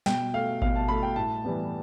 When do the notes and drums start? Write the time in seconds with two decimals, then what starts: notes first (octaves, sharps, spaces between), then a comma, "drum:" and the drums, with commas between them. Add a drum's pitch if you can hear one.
0.06 B2 G5, drum: snare
0.33 A3 F5
0.62 B2 F5, drum: kick G#1
0.76 A5
0.88 A3 B5
1.03 G5
1.16 A2 A5
1.44 E3 G3 B3